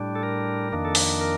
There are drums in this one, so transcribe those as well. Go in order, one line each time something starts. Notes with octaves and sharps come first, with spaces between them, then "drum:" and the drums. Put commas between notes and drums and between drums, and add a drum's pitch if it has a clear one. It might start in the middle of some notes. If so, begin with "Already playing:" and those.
Already playing: A2 G3 D4
A4
A#4
F2 D#3 A#3 D4
A4
drum: open hi-hat
A#4